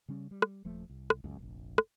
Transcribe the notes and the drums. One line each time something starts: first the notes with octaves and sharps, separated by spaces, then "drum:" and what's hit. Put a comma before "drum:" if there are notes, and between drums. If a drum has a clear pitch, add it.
C#3 G3 C#4
G3
drum: rim click
D#1 F3 A3
C2
drum: rim click
C#2 F#2
F1 A#1
drum: rim click